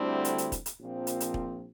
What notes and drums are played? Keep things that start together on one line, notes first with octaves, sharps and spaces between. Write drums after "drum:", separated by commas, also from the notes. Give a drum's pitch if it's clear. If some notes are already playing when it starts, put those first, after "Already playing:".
Already playing: D2 D3 G3 C4 E4
drum: hi-hat
drum: hi-hat
drum: kick E1, hi-hat
drum: hi-hat
A#1 A#2 F3 C4
drum: hi-hat
drum: hi-hat
drum: kick E1